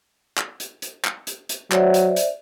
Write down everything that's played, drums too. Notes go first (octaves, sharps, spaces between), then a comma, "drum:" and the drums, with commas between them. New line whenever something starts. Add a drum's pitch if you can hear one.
drum: clap
drum: hi-hat
drum: hi-hat
drum: clap
drum: hi-hat
drum: hi-hat
F#3 C5 D5 E5, drum: clap
drum: hi-hat
drum: hi-hat